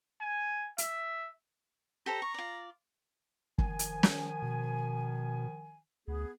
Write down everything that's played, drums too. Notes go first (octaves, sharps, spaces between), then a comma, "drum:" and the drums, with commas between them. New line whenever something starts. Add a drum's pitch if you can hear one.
G#5
E5, drum: hi-hat
G4 A4 C5 A#5
C#6
F4 D5
D#3 F3 G#5, drum: kick
drum: hi-hat
drum: snare
B2
D2 B3 G#4